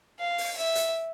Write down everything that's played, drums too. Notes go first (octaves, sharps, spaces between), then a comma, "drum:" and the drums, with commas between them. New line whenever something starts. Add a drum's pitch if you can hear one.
F5
drum: open hi-hat
E5
drum: hi-hat